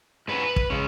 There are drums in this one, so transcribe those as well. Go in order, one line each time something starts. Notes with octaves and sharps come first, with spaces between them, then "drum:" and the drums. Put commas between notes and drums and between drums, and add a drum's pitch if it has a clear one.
G#2 F#3 C#4 B4
drum: kick
C#3 G#3 C#4